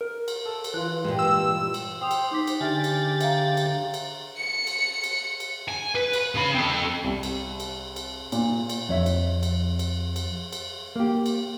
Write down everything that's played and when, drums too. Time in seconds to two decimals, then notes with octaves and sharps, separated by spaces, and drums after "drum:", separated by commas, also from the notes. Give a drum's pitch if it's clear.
0.01 A#4
0.28 drum: cymbal
0.46 A4
0.64 drum: cymbal
0.74 E3 F4 F#6
1.05 G2 A#2 G#3
1.19 E6
1.74 drum: cymbal
2.01 C5 G5 D#6 F7
2.11 drum: cymbal
2.31 D#4 D6 B6
2.47 drum: cymbal
2.61 D3 G4 E5 G#5 F6 A6
2.84 drum: cymbal
3.21 E5 F5 A#5, drum: cymbal
3.57 drum: cymbal
3.94 drum: cymbal
4.35 C#7
4.67 drum: cymbal
5.04 drum: cymbal
5.40 drum: cymbal
5.68 G#5
5.95 B4
6.13 drum: cymbal
6.35 C#3 B5
6.54 C4 A4
7.04 C2
7.23 drum: cymbal
7.60 drum: cymbal
7.96 drum: cymbal
8.32 A#2, drum: cymbal
8.69 drum: cymbal
8.89 F2 C#5 E5
9.06 drum: cymbal
9.43 drum: cymbal
9.79 drum: cymbal
10.16 drum: cymbal
10.52 drum: cymbal
10.96 A#3 G4
11.26 drum: cymbal